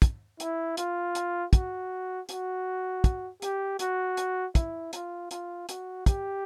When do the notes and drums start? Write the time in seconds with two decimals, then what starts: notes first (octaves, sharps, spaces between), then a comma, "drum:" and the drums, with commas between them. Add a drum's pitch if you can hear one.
0.02 drum: kick, hi-hat
0.40 E4, drum: hi-hat
0.77 F4, drum: hi-hat
1.15 drum: hi-hat
1.53 F#4, drum: kick, hi-hat
2.29 F#4, drum: hi-hat
3.04 drum: kick, hi-hat
3.42 G4, drum: hi-hat
3.79 F#4, drum: hi-hat
4.17 drum: hi-hat
4.55 E4, drum: kick, hi-hat
4.93 F4, drum: hi-hat
5.31 F4, drum: hi-hat
5.69 F#4, drum: hi-hat
6.06 G4, drum: kick, hi-hat